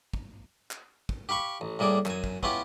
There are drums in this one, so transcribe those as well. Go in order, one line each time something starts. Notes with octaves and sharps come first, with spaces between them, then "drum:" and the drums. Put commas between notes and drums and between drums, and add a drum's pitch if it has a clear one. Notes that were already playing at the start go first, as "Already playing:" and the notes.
drum: kick
drum: clap
drum: kick
G4 F5 B5 C#6
A1
A2 G3 A#3 G#4 D5 D6
F#2 G#5, drum: clap
drum: kick
B3 C#4 E4 F4 G4, drum: kick